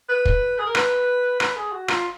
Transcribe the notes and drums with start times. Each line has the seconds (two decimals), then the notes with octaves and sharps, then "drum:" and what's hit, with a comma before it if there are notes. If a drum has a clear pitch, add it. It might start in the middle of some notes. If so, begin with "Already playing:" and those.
0.09 B4
0.25 drum: kick
0.59 G#4
0.66 A#4
0.75 B4, drum: rim click
1.40 B4, drum: rim click
1.56 G#4
1.72 F#4
1.88 F4, drum: rim click